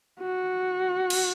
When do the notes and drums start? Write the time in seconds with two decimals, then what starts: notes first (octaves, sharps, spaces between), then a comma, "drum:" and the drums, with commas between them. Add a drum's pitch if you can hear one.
0.20 F#4
1.10 drum: cymbal